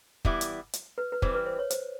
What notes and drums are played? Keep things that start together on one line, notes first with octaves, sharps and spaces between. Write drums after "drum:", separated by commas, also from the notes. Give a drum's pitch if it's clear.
E3 G3 B3 E4, drum: kick
drum: hi-hat
drum: hi-hat
B4
B4
E3 G3 C4 C5, drum: kick
B4
C5
C#5
C5, drum: hi-hat